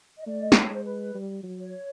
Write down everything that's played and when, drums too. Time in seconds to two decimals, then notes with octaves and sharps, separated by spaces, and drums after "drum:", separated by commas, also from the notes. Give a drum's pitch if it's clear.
0.18 D#5
0.26 A3 D5
0.41 D#5
0.52 D5, drum: snare
0.63 C#5
0.71 G#3 C5
0.84 B4
1.14 G3
1.43 F#3
1.59 C#5